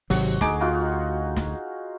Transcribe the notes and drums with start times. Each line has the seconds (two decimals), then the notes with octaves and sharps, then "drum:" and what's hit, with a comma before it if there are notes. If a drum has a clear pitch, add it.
0.10 G#1 C3 F#3 F#4, drum: open hi-hat
0.41 D2 D#4 G#4 D6, drum: snare
0.60 D#4 F4 F#4
1.37 drum: snare